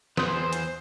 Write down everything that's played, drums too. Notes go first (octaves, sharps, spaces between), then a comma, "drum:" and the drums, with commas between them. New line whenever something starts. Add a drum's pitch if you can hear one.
E2 B4 C5 C6 D#6 G6, drum: snare
drum: hi-hat